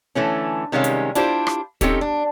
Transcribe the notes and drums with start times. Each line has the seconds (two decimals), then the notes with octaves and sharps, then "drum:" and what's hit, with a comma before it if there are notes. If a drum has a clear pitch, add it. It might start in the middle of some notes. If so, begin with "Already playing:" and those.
0.15 D3 E3 A3 C#4
0.72 C3 D#3 G3 G#3 C#4 F5
0.84 drum: hi-hat
1.15 D4 E4 F4 G4 C5, drum: hi-hat
1.47 drum: rim click
1.81 C4 C#4 D#4 G4 A4, drum: kick, hi-hat
2.01 D4